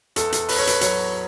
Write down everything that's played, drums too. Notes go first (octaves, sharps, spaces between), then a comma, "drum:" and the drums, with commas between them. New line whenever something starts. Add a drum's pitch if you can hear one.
E2 A4, drum: hi-hat
drum: hi-hat
E2 B4, drum: open hi-hat
C#5
B4, drum: hi-hat
F#3 C#5, drum: hi-hat